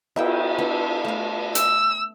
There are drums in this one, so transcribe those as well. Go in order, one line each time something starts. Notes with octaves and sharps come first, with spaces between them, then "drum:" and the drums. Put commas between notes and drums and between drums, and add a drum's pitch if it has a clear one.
B3 E4 G5, drum: cymbal
B3 D4 E4
A3 F5
E6, drum: hi-hat